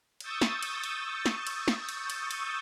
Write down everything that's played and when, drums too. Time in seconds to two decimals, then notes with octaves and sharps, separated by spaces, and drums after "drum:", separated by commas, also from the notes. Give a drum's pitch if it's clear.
0.20 C#6 D#6 E6 G6 A6, drum: cymbal
0.41 drum: snare
0.62 drum: cymbal
0.84 drum: cymbal
1.26 drum: snare
1.47 drum: cymbal
1.68 drum: snare
1.89 drum: cymbal
2.10 drum: cymbal
2.31 drum: cymbal